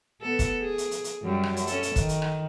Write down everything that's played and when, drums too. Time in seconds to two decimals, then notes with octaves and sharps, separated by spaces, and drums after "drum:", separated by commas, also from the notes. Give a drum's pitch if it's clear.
0.22 B3 A4
0.39 drum: kick, hi-hat
0.61 G#4
0.78 drum: hi-hat
0.91 drum: hi-hat
1.04 drum: hi-hat
1.23 F#2 G3
1.43 drum: rim click
1.57 drum: hi-hat
1.67 C#4 A4, drum: hi-hat
1.83 drum: hi-hat
1.96 D#3, drum: kick, hi-hat
2.09 drum: hi-hat
2.22 drum: rim click